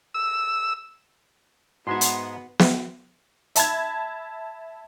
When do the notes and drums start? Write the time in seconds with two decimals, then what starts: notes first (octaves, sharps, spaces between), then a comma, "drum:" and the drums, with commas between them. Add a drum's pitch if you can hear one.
0.14 E6
1.87 G#2 G#3 B3 D#4 F#4 E5 F#5 C6
2.01 drum: hi-hat
2.59 drum: snare
3.56 E5 A5 B5 G#6, drum: hi-hat